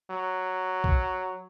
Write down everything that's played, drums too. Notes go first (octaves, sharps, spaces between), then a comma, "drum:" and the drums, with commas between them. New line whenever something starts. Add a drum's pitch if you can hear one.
F#3
drum: kick B1